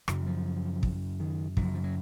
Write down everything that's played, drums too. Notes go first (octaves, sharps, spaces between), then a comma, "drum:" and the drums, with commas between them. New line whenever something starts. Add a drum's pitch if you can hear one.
F#2 C#3 F#3, drum: rim click
F3
drum: kick
D#3
F#2 C#3 F3, drum: kick
F3
F#3